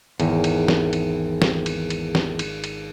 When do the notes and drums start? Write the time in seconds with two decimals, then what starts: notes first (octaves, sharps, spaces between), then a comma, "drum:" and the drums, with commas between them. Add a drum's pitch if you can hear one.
0.20 G#1 E2, drum: cymbal
0.44 drum: cymbal
0.68 drum: snare
0.93 drum: cymbal
1.42 drum: snare
1.66 drum: cymbal
1.90 drum: cymbal
2.15 drum: snare
2.39 drum: cymbal
2.64 drum: cymbal